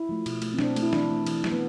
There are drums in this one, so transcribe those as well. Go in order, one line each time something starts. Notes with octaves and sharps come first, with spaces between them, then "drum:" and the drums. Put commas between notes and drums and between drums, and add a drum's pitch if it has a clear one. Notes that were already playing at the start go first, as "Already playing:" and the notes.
Already playing: E4
F3 A3
B2, drum: cymbal
A3, drum: cymbal
C4
B2 D4, drum: snare
A3, drum: cymbal
E4
E3 D4, drum: snare
A3
E3, drum: cymbal
A3, drum: snare
B3